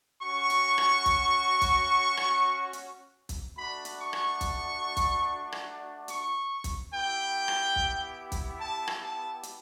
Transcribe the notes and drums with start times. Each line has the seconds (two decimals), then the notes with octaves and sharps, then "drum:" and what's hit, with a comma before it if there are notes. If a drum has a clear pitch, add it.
0.21 C#4 F#4 C#6
0.50 drum: hi-hat
0.78 drum: rim click
1.06 drum: kick, hi-hat
1.62 drum: kick, hi-hat
2.17 drum: rim click
2.73 drum: hi-hat
3.29 drum: kick, hi-hat
3.56 A3 D4 F#4 B5
3.85 drum: hi-hat
3.99 C#6
4.13 drum: rim click
4.41 drum: kick, hi-hat
4.97 drum: kick, hi-hat
5.52 drum: rim click
6.08 C#6, drum: hi-hat
6.64 drum: kick, hi-hat
6.92 B3 E4 G4 G5
7.48 drum: rim click
7.76 drum: kick
8.32 drum: kick, hi-hat
8.60 A5
8.88 drum: rim click
9.02 A5
9.43 drum: hi-hat